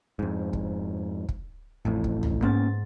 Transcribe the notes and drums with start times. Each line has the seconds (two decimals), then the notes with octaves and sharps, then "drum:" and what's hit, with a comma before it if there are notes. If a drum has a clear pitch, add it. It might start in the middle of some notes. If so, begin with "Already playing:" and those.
0.19 F2 G#2
0.53 drum: kick
1.29 drum: kick
1.85 A1 F2 A2
2.04 drum: kick
2.23 drum: tom
2.42 G#2 A#3 B3 C#4 A6